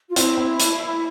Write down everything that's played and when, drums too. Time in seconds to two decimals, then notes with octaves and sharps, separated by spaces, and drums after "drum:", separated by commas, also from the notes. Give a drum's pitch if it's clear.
0.10 F4
0.16 C4 E4, drum: hi-hat
0.37 C4
0.60 drum: hi-hat